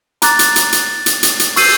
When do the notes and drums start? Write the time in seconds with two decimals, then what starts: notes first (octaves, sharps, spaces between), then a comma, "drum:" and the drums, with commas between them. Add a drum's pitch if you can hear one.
0.22 A#5 D6 F#6 A6, drum: hi-hat
0.39 drum: hi-hat
0.56 drum: hi-hat
0.72 drum: hi-hat
1.06 drum: hi-hat
1.23 drum: hi-hat
1.39 drum: hi-hat
1.56 C#6 E6 G6 C7 D#7, drum: open hi-hat